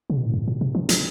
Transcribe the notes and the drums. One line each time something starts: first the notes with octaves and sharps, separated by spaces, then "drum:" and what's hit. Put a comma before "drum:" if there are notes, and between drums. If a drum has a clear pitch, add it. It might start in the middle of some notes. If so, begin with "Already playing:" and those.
C#3
B2
A2
F#2
A2
B2
E3
E3, drum: hi-hat